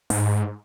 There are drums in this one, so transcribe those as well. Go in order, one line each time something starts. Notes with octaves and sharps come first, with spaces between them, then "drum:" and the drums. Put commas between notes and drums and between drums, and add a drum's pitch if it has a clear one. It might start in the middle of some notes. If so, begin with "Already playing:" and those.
G#2, drum: open hi-hat